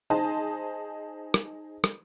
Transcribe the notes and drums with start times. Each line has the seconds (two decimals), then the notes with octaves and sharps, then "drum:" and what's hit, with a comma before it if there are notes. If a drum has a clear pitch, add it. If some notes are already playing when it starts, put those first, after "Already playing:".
0.10 D#4 G#4 C5 D#5 A5
1.34 drum: rim click
1.84 drum: rim click